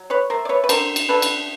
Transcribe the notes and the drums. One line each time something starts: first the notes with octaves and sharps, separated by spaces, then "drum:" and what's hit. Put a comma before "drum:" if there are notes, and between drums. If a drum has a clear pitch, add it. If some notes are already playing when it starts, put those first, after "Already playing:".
Already playing: F#3
B4 C#5
A3 A#4 C5
D5
B4 C#5
B4
D3 A#4 C5, drum: cymbal
drum: cymbal
D3 A4 B4
drum: cymbal